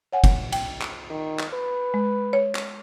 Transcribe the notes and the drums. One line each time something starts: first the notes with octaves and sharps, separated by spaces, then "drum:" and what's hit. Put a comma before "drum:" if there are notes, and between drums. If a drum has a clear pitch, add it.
C#5 F#5 G#5
drum: kick, cymbal
G5, drum: cymbal
drum: clap
D#3
drum: clap
B4
G#3
C#5
drum: clap